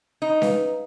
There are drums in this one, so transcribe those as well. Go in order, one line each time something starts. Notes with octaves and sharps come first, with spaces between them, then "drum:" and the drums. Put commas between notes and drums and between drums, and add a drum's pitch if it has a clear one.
D#4
B4 D#5 F5, drum: snare C#4